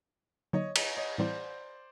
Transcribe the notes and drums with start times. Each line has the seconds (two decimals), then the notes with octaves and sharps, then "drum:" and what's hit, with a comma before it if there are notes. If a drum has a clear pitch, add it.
0.53 D3 F#3 A#3 D#4 C#5 D#5
0.76 C#5 D#5, drum: cymbal
0.97 C#5 D#5
1.18 A2 E3 G3 C4 E4 C5 D5